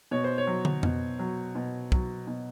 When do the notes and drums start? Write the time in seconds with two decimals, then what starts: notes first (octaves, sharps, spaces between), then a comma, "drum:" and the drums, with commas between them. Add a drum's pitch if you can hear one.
0.11 B2 C#5
0.24 C5
0.38 C#5
0.47 F#3
0.65 drum: tom
0.83 B2, drum: tom F2
1.19 F#3
1.55 B2
1.92 F#3, drum: kick
2.27 B2